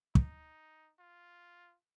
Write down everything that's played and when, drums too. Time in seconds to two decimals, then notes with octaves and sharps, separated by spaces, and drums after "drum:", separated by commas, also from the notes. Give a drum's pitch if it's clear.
0.15 D#4, drum: kick
0.99 F4